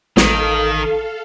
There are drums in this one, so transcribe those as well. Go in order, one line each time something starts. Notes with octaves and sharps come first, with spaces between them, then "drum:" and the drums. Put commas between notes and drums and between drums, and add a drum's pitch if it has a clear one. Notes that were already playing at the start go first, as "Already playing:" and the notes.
A1 D#3 A4 F5, drum: snare